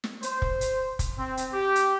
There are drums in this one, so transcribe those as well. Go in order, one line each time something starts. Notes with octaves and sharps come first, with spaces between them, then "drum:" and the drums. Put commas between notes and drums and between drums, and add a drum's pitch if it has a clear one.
drum: snare
C5, drum: hi-hat
drum: kick
drum: hi-hat
drum: kick, hi-hat
C4
drum: hi-hat
G4
drum: hi-hat